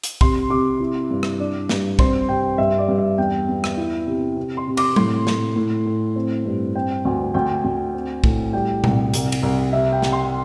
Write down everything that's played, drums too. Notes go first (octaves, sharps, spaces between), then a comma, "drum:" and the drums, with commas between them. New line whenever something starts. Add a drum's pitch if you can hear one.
drum: hi-hat
C3 C6, drum: kick
C3 D6
E4
G2
drum: rim click
D4
G2, drum: snare
C4 C6, drum: kick
C3 G5
G2 E5
D5
G2
E5
E2 G5
E2
drum: rim click
E4
C3
C3
C6
C3
D6, drum: cymbal
A2 C6, drum: tom F#3
A2, drum: snare
A2
A2
C4
G2
C4 G5
D2
D2 G5
D2
C4
A2, drum: kick
G3 G5
C2, drum: tom A#2
C2, drum: hi-hat
drum: cymbal
C2
C3 E5
G5
C3, drum: snare
C6